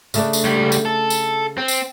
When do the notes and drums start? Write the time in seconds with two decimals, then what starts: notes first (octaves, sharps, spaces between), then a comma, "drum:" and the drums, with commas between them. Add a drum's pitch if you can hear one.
0.14 C#3 A3 D4, drum: tambourine
0.33 drum: tambourine
0.44 C#2 G3
0.72 drum: tambourine
0.85 A4
1.10 drum: tambourine
1.58 C4
1.68 drum: tambourine